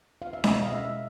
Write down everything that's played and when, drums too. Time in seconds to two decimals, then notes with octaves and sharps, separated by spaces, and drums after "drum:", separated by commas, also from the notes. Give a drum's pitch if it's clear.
0.22 F5
0.33 E5
0.44 B2 G#3 D#5, drum: snare C#4
0.63 F5
0.72 E5